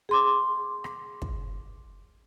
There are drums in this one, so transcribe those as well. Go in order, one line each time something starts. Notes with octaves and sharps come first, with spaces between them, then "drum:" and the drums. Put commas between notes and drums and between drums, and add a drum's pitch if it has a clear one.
G#4 C6 D6
drum: rim click
drum: kick